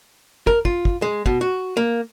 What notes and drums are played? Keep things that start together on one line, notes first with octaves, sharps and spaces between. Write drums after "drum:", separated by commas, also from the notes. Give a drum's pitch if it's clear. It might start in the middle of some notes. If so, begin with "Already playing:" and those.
A#4, drum: kick
F4, drum: kick
drum: kick
G#3
B2, drum: kick
F#4
A#3